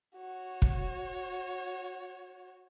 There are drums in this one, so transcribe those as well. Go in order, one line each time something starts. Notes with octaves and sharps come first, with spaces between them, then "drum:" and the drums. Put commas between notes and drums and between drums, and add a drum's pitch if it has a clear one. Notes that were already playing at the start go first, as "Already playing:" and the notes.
F#4 C#5
drum: kick